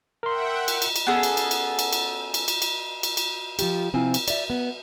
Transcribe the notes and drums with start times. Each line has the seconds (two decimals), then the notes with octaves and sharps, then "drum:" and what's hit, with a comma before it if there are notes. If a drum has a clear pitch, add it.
0.23 A#4 E5 F#5 G5 C6
0.68 drum: cymbal
0.82 drum: cymbal
0.96 drum: cymbal
1.07 B3 C#4 G#4 A4
1.23 drum: cymbal
1.37 drum: cymbal
1.51 drum: cymbal
1.79 drum: cymbal
1.93 drum: cymbal
2.34 drum: cymbal
2.48 drum: cymbal
2.62 drum: cymbal
3.03 drum: cymbal
3.17 drum: cymbal
3.59 F3 F4 G4, drum: cymbal
3.93 C3 F3 C4 E4 F4 G#5
4.14 drum: cymbal
4.28 D5 E5, drum: cymbal
4.50 B3